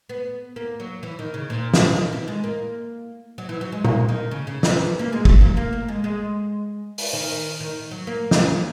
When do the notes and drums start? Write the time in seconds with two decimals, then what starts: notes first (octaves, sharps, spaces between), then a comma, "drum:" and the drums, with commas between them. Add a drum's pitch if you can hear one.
0.09 B3
0.56 A#3
0.80 F#3
1.03 E3
1.19 D#3
1.34 C#3
1.50 A#2
1.74 B2, drum: snare
1.96 D#3
2.13 E3
2.28 G#3
2.44 A#3
3.38 F#3
3.49 E3
3.61 F#3
3.72 G#3
3.85 A#3, drum: tom
4.09 D#3
4.31 C#3
4.47 C#3
4.63 E3, drum: snare
4.99 A#3
5.12 G#3
5.25 F#3, drum: kick
5.41 A#3
5.57 A#3
5.73 A#3
5.88 G#3
6.04 G#3
6.98 drum: open hi-hat
7.13 D#3
7.60 D#3
7.91 F#3
8.07 A#3
8.31 drum: snare